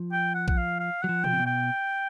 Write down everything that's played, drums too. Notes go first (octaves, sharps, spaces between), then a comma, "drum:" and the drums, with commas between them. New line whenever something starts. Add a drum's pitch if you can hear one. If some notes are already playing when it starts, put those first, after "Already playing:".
Already playing: F3
G5
F#5
F#5, drum: kick A#1
F5
F5
F#3 F#5
F3
G5, drum: tom A#2
C3
B2
G5